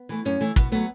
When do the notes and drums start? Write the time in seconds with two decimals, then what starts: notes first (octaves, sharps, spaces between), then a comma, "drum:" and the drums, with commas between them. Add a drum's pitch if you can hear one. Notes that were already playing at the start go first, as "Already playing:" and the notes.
Already playing: B3
0.09 E3 A3
0.25 F#2 C#4
0.41 E3 A3
0.56 B2 B3, drum: kick
0.72 F#3 A3 B3